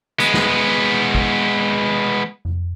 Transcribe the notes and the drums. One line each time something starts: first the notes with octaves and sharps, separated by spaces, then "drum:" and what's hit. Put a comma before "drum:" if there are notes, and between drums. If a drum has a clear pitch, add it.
G#3 B3, drum: hi-hat
drum: snare
drum: kick
drum: tom F2